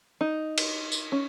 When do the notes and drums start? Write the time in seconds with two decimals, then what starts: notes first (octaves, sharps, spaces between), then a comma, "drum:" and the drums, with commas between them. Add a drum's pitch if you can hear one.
0.21 D#4
0.58 drum: cymbal
0.92 drum: tambourine
1.12 C#4